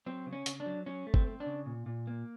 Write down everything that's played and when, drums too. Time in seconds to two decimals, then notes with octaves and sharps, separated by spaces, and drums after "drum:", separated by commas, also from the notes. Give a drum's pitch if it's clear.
0.06 F#3 C4
0.26 C#3
0.33 C#4
0.46 C#3, drum: hi-hat
0.60 D4
0.66 F#3
0.86 F#3 C#4
1.07 A3
1.14 C4, drum: kick
1.27 C4
1.40 D4
1.46 C#3
1.66 A#2
1.86 A#2
2.07 A#3